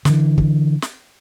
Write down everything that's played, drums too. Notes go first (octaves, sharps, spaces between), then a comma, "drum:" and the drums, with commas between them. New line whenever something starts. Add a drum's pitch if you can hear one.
D3 E3, drum: snare
drum: kick
drum: snare